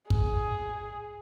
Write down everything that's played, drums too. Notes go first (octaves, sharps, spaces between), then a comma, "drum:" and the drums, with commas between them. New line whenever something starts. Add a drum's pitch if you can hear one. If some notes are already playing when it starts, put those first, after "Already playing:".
G#4, drum: kick